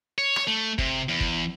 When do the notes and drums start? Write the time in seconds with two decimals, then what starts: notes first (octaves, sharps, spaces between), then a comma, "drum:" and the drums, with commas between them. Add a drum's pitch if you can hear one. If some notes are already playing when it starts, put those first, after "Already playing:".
0.18 C#5
0.36 drum: rim click
0.47 A3
0.78 C3, drum: kick
1.09 E2
1.21 drum: kick